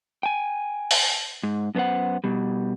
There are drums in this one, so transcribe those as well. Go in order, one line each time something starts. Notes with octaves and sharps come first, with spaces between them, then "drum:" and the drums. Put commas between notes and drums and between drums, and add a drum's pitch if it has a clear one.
G5 G#5
drum: open hi-hat
G#2
F#2 B3 C#4 C5 F#5
B2 G3